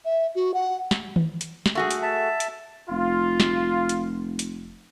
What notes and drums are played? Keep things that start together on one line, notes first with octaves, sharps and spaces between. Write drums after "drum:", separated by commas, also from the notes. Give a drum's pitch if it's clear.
E5
F#4
F#5
drum: snare
drum: tom D#3
drum: hi-hat
drum: snare
A3 F#4 G#4
drum: hi-hat
E5 A5
drum: hi-hat
F1 F4
drum: snare
drum: hi-hat
drum: hi-hat